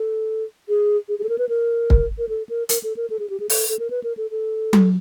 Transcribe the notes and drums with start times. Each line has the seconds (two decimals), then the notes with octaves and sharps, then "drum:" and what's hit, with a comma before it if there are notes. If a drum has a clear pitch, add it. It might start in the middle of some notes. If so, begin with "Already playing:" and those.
Already playing: A4
0.69 G#4
1.09 G#4
1.19 G#4
1.23 A4
1.29 A#4
1.38 B4
1.49 A#4
1.90 drum: kick
2.18 A#4
2.29 A4
2.49 A#4
2.69 A#4, drum: hi-hat
2.83 A4
2.97 A#4
3.10 A4
3.19 G#4
3.30 G4
3.40 G#4
3.50 A4, drum: open hi-hat
3.69 A4
3.79 A#4
3.90 B4
4.04 A#4
4.17 A4
4.31 A4
4.73 drum: tom F#3